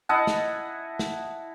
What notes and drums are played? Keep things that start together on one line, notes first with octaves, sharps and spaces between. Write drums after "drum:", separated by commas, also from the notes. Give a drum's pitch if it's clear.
E4 D#5 F#5 A5
drum: snare
drum: snare